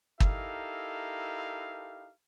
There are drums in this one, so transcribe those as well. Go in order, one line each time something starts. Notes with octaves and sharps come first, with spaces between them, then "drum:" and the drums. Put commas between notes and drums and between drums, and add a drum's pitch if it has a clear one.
D#4 E4 G4 A4 A#4 F5, drum: kick